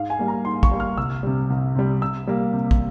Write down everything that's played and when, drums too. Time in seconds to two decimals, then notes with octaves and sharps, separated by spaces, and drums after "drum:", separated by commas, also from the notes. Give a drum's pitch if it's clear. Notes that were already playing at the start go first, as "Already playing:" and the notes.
Already playing: G#2 F5
0.10 G#5
0.19 G3 A#3
0.28 A#5
0.45 G#2 C6
0.63 C#6, drum: kick
0.71 G3 A#3
0.80 F6
0.97 C2 E6
1.23 C3 G3
1.50 C2
1.76 C3 G3
2.01 C3 E6
2.27 G3 A#3
2.53 C3
2.71 drum: kick